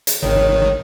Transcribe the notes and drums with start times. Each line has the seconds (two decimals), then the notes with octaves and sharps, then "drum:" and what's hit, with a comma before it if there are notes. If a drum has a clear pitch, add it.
0.07 drum: hi-hat
0.23 G#1 D#3 C#5